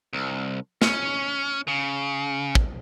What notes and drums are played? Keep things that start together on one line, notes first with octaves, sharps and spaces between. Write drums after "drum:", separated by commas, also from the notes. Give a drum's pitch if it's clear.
C2
C#4, drum: snare
C#3
drum: kick